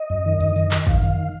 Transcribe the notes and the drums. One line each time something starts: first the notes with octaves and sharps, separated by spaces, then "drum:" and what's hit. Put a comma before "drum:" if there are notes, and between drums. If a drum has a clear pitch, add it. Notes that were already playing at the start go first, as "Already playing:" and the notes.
Already playing: D#5
F#2
D#3
F#2, drum: tambourine
D#3, drum: tambourine
D#3, drum: clap
F#2 F5, drum: kick, tambourine
D#3, drum: tambourine